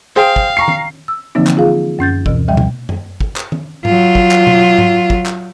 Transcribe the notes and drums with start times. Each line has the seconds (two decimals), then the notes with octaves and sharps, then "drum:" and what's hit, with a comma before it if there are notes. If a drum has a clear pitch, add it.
0.16 G#4 C5 F5 G5
0.36 drum: kick
0.57 A#5 C#6 C7
0.68 drum: tom D#3
1.08 E6
1.35 D3 E3 F3 A#3 C4 D#4
1.47 drum: clap
1.57 F4 G#4 F5
1.99 F#2 C#4 G6 A6
2.26 D2 B2 E3, drum: kick
2.48 D2 F3 G3 E5 G5
2.57 drum: tom B2
2.89 drum: tom F#2
3.21 drum: kick
3.36 drum: clap
3.52 drum: tom D#3
3.85 F#3 F4, drum: tom G#2
4.15 drum: kick
4.31 drum: clap
4.47 drum: tom B2
4.78 drum: tom G#2
5.10 drum: kick
5.26 drum: clap